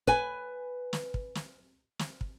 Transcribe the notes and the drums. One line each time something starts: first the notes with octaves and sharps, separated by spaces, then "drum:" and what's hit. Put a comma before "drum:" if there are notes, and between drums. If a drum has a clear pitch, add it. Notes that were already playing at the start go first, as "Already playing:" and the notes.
B4 G#5, drum: kick
drum: snare
drum: kick
drum: snare
drum: snare
drum: kick